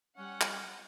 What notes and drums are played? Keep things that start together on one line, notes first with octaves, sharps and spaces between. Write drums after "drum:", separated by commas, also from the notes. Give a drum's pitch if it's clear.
G3 C#4 F#5
drum: clap